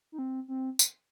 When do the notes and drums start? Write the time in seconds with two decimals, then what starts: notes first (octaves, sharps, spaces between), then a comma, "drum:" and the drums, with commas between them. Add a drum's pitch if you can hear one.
0.12 D#4
0.19 C4
0.48 C4
0.79 drum: tambourine